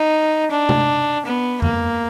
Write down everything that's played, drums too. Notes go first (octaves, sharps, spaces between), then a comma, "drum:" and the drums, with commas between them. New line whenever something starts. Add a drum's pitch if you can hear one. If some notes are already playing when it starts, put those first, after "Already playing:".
Already playing: D#4
D4
drum: tom C3
B3
A#3, drum: tom F2